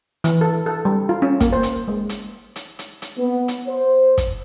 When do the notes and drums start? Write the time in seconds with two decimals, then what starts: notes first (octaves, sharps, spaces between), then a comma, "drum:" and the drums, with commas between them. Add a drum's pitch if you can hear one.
0.24 E3, drum: hi-hat
0.41 A4
0.66 A4
0.85 G3
1.09 F4
1.22 C#4
1.40 A#3, drum: kick, hi-hat
1.53 C5
1.63 drum: hi-hat
1.88 G#3
2.09 drum: hi-hat
2.56 drum: hi-hat
2.79 drum: hi-hat
3.02 drum: hi-hat
3.18 B3
3.48 drum: hi-hat
3.67 C5
4.18 drum: kick, hi-hat